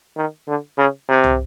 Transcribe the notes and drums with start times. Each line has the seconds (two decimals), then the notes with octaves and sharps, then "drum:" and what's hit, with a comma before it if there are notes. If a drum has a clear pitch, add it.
0.16 D#3
0.48 D3
0.77 C#3
1.09 C3
1.24 drum: tom